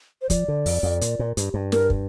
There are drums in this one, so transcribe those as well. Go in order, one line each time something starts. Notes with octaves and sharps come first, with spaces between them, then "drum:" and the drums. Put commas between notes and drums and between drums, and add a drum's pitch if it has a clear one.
C5
F3 D5, drum: kick, hi-hat
D3
F2, drum: open hi-hat
F2
A#2, drum: hi-hat
A#2
G2, drum: hi-hat
G2
A#4, drum: snare
drum: kick